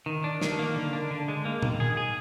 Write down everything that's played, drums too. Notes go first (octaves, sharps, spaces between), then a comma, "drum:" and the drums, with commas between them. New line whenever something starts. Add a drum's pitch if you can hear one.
D#3
D4
D#3, drum: snare
A#3
D3
D4
D3
G#3
A#3
D#3, drum: tom A#2
G#4
G#4